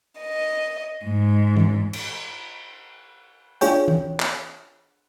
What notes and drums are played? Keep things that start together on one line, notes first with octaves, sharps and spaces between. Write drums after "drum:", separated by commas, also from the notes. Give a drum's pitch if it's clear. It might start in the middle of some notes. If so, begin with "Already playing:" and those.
D#5
G#2
drum: tom E3
drum: cymbal
D4 F4 G#4 C#5 G5, drum: hi-hat
drum: tom E3
drum: clap